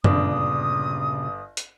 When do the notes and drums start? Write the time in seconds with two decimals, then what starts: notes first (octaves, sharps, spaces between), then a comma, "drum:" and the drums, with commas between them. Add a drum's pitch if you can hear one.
0.04 G1 A#2 C#3 D4 D#6, drum: tom F#2
1.57 drum: hi-hat